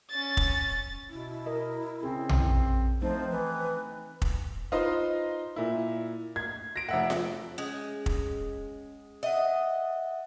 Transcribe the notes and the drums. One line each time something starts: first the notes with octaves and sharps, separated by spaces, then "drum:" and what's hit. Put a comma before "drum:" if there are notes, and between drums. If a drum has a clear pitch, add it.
C#4 A6
drum: kick
B2 E4
A#4 D#5
C#3 C4 C#4 G#4
drum: tom A#1
F3 A3 C4 D#4 C5
E3 B4
drum: kick
D#4 F4 B4 C5 D#5
A#2 E4
G#6
A#6 D7
F1 E5 F#5
drum: snare F4
G#3 C#4
drum: kick
D#5 E5 F#5